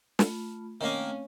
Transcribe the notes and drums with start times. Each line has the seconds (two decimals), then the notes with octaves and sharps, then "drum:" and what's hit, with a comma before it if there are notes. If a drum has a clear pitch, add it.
0.19 A3 F4 B5, drum: snare
0.81 D#3 A3 A#3 C4 C#4 F5